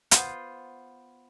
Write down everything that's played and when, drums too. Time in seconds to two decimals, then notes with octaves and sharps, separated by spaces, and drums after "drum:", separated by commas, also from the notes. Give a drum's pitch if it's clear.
0.11 B3 F4 C5, drum: hi-hat